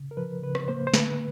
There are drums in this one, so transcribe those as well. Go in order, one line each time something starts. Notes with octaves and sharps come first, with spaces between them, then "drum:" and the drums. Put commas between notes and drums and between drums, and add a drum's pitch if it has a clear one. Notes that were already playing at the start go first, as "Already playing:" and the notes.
Already playing: C#3
A#4
F3 B4
C#3 B4
drum: rim click
A#3 C5
C5
D3 B4, drum: snare